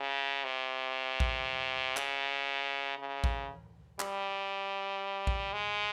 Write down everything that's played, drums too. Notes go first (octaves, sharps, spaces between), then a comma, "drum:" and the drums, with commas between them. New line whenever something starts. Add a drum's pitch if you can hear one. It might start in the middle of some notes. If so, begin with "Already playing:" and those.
Already playing: C#3
C3
drum: kick A1
C#3, drum: clap
C#3
drum: kick A1
G3, drum: clap
drum: kick A1
G#3